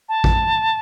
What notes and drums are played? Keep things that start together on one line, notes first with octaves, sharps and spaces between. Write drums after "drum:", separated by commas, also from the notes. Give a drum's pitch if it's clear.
A5
drum: kick A1